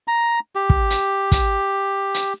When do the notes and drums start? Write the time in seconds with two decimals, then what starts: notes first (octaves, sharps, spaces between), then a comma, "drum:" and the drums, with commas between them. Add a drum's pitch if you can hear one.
0.08 A#5
0.55 G4
0.70 drum: kick
0.90 drum: hi-hat
1.32 drum: kick, hi-hat
2.14 drum: hi-hat